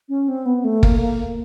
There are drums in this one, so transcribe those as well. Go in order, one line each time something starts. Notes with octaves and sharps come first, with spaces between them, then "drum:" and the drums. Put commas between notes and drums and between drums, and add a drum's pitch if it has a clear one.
C#4
C4
B3
A3
A#3, drum: kick
A#3